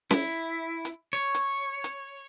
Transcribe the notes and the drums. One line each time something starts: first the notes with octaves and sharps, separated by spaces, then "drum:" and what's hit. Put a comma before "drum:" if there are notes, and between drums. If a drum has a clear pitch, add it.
E4, drum: snare C#4
drum: hi-hat
C#5
drum: hi-hat
drum: hi-hat